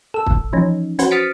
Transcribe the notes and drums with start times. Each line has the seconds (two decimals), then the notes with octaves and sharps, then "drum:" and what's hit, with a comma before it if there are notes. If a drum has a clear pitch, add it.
0.14 A4 E6
0.26 drum: kick
0.53 E3 F3 C#4 D#4
0.99 C#4 F#4 B4 C5, drum: hi-hat
1.11 D#6 F6 A6 B6 C#7 D7